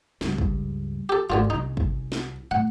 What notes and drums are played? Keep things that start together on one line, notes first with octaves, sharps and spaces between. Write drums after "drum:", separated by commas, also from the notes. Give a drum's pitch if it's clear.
C#2 G2, drum: snare
drum: kick
G4 A4
G#1 D2 D3 F4
C2 C#4 D#4
drum: kick
drum: snare
A2 F#5